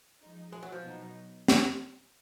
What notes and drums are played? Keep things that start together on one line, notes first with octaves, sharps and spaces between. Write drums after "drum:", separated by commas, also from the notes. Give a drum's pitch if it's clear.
F3 G#3 D#4
G#3
F#3
F3
B2 F#3 B3 D#4
drum: snare